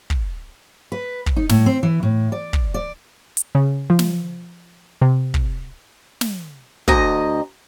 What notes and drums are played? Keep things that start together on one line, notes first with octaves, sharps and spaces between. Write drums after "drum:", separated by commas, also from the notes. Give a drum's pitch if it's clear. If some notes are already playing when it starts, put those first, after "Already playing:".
drum: kick
B4
drum: kick
D#4
A2, drum: snare
C4
E3
A2
D5
drum: kick
D5
drum: hi-hat
C#3
F3
drum: snare
C3
drum: kick
drum: snare
D2 D#5 A#5, drum: kick